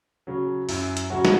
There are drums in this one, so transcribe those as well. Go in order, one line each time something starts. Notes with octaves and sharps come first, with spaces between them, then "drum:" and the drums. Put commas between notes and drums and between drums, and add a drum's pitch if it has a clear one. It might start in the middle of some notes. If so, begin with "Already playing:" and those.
C#3 F#3
F#2 E4, drum: open hi-hat
drum: hi-hat
C#3 F#3 F#4
drum: snare